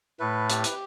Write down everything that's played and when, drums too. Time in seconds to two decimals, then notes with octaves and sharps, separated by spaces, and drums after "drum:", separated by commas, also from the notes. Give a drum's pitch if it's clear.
0.19 A2 A3 B4
0.49 G4, drum: hi-hat
0.64 drum: hi-hat